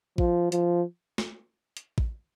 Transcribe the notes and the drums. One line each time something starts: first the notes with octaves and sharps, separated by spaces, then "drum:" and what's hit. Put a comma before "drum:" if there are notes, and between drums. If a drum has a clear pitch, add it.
F3, drum: kick A1
F3, drum: hi-hat
drum: snare
drum: hi-hat
drum: kick A1